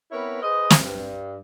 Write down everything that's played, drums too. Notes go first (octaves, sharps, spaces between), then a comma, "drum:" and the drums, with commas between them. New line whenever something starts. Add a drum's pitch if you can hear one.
B3 C4 E4 A#4 B4 C#5
G#4 B4 C5 D#5
drum: snare
G2